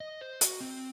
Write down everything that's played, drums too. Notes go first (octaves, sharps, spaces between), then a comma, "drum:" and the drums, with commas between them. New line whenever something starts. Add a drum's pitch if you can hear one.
D#5
C5
F#4, drum: hi-hat
C4